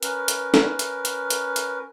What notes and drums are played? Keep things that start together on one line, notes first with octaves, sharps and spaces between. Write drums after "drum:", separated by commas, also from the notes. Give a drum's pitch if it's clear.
C#4 A#4 B4, drum: hi-hat
drum: hi-hat
drum: snare
drum: hi-hat
drum: hi-hat
drum: hi-hat
drum: hi-hat